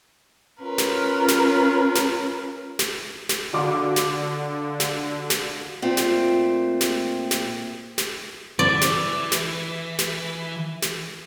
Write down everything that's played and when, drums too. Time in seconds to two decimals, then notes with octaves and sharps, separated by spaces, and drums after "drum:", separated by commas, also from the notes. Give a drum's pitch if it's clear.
0.61 C#4 F4 A#4 B4
0.78 drum: snare
1.28 drum: snare
1.95 drum: snare
2.79 drum: snare
3.29 drum: snare
3.53 D3 F#4 F5 D6
3.96 drum: snare
4.80 drum: snare
5.30 drum: snare
5.82 A#2 A3 C4
5.97 drum: snare
6.81 drum: snare
7.31 drum: snare
7.98 drum: snare
8.59 E3 D5
8.81 drum: snare
9.32 drum: snare
9.99 drum: snare
10.82 drum: snare